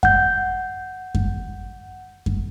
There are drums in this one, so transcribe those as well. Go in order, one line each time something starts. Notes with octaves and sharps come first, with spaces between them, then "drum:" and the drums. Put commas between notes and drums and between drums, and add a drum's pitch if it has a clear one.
F#5 G6, drum: kick F#2
drum: kick F#2
drum: kick F#2